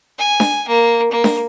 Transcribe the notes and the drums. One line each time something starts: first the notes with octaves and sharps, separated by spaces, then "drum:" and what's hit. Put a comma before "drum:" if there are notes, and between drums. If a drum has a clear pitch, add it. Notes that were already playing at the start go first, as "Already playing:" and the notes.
G#5
drum: snare D4
A#3
A#3
drum: snare D4